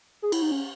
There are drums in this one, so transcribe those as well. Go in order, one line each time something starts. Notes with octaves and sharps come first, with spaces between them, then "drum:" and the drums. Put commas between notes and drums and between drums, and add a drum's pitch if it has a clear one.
G#4
E4, drum: cymbal
D#4
C#4